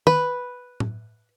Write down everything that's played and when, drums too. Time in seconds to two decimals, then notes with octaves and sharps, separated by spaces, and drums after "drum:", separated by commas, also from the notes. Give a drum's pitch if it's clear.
0.07 B4, drum: tom
0.80 drum: tom